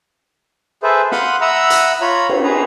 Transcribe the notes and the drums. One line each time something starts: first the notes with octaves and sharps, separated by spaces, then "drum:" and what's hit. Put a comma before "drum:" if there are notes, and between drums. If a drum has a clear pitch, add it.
G#4 A4 B4 C5 E5
F5 F#5 B5 C6 D#6 F#6, drum: snare
E5 F#5 A#5 B5 D#6 E6
drum: hi-hat
F4 C#5 A#5 B5
drum: cymbal
G#4 B4 A#5